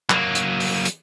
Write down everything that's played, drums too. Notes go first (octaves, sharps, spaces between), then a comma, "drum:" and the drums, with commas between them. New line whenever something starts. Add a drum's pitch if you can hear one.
F#3 A#3, drum: clap
drum: hi-hat
drum: open hi-hat
drum: hi-hat